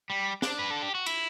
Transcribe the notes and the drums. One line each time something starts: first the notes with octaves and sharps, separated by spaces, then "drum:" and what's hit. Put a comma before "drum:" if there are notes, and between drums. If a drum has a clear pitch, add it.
G3
D4, drum: snare
B4
A4
G4
F#4
E4, drum: cymbal